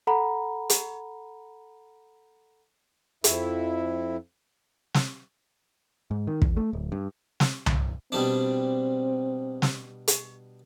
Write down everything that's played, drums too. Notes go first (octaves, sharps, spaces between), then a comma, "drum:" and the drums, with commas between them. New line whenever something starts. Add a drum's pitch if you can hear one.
A4 F#5 A#5 B5
drum: hi-hat
F2 E4, drum: hi-hat
drum: snare
G#2
D#3
E2, drum: kick
A3
D1
G2
drum: snare
drum: tom C2
B2 G3 C4 D4
drum: snare
drum: hi-hat